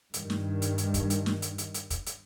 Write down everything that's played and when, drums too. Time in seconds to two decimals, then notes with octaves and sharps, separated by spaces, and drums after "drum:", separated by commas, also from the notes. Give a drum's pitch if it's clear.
0.14 G2 D#3, drum: hi-hat
0.30 drum: snare
0.62 drum: hi-hat
0.78 drum: hi-hat
0.94 drum: kick, hi-hat
1.10 drum: hi-hat
1.26 drum: snare
1.42 drum: hi-hat
1.58 drum: hi-hat
1.74 drum: hi-hat
1.90 drum: kick, hi-hat
2.06 drum: hi-hat